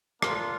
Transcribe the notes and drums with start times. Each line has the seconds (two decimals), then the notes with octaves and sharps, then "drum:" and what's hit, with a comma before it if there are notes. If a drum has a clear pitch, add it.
0.22 A#3 D4 F4, drum: rim click